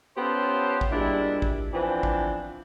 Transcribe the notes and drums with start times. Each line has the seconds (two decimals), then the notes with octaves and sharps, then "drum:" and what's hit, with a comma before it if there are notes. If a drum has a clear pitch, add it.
0.17 B3 C#4 F4 G4 A4 C5
0.81 drum: kick
0.91 A#2 G3 G#3 D4 E4
1.42 drum: kick
1.73 E3 F3 B3 C4 D4
2.03 drum: kick